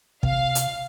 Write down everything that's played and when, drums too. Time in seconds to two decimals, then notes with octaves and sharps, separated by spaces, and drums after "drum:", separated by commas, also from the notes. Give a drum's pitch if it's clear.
0.23 C3 F5, drum: kick
0.55 drum: hi-hat